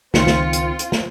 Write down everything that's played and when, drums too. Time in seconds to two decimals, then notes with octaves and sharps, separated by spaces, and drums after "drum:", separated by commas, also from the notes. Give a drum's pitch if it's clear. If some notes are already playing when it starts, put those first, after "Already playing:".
0.14 C#2 D#3 C4 F4 C#7, drum: snare
0.27 drum: snare
0.53 drum: hi-hat
0.79 drum: hi-hat
0.92 drum: snare